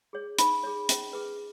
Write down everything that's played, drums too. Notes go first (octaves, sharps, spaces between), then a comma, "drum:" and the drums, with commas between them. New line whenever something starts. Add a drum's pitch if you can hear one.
G#4 C#5
D#4 B5, drum: hi-hat
G#4 C#5
C#4, drum: hi-hat
G#4 B4